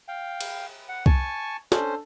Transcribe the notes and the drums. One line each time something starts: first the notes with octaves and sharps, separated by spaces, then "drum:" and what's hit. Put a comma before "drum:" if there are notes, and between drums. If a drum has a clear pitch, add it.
F5 G5
drum: cymbal
F#5
G#5 A5 C#6, drum: kick C2
C#4 D4 A4 C5, drum: snare